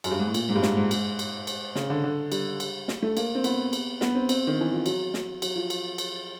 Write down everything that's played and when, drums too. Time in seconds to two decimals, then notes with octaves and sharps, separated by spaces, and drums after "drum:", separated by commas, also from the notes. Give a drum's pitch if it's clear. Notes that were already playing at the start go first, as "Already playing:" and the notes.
0.04 F#2, drum: cymbal
0.11 G2
0.19 G#2
0.27 A2
0.34 A#2, drum: cymbal
0.49 G#2
0.55 G2
0.62 G#2, drum: snare
0.77 G#2
0.91 G#2, drum: cymbal
1.19 drum: cymbal
1.47 drum: cymbal
1.75 C#3, drum: snare
1.90 D3
2.04 D3
2.32 G3, drum: cymbal
2.60 drum: cymbal
2.88 drum: snare
3.03 A3
3.17 A#3, drum: cymbal
3.35 C4
3.44 B3, drum: cymbal
3.73 drum: cymbal
4.01 B3, drum: snare
4.15 C4
4.29 C4, drum: cymbal
4.47 D#3
4.61 E3
4.73 F3
4.86 F#3, drum: cymbal
5.14 drum: snare
5.42 F#3, drum: cymbal
5.56 F3
5.70 drum: cymbal
5.98 drum: cymbal